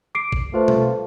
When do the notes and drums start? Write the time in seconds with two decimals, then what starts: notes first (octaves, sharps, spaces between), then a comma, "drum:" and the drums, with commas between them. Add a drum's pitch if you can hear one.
0.15 D6 C7 D7
0.32 drum: kick
0.54 A3 F4 B4 C5
0.68 drum: tom B2